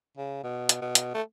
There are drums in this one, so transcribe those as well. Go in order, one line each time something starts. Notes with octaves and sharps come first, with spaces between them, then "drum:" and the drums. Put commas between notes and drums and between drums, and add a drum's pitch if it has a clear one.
C#3
B2
drum: hi-hat
B2
drum: hi-hat
A3